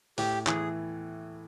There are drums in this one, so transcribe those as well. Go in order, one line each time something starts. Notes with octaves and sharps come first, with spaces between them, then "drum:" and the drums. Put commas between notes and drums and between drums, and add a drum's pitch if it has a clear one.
A2 G4, drum: open hi-hat
E3 G#4, drum: clap